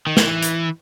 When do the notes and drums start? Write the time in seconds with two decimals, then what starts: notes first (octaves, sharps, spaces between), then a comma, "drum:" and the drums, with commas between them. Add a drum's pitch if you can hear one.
0.07 D#3
0.17 E3, drum: snare
0.42 drum: hi-hat